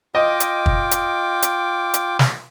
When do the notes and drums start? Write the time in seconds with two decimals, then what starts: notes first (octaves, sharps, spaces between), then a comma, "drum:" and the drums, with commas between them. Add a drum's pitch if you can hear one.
0.15 F4 D#5 G5 D6
0.40 drum: hi-hat
0.66 drum: kick
0.91 drum: hi-hat
1.42 drum: hi-hat
1.94 drum: hi-hat
2.19 drum: snare